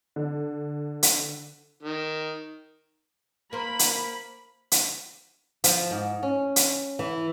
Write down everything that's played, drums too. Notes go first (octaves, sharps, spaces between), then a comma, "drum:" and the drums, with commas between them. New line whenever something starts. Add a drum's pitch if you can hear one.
D3
drum: hi-hat
D#3
A#3 A#4 C5 B5
drum: hi-hat
drum: hi-hat
F3, drum: hi-hat
G#2
C#4
drum: hi-hat
E3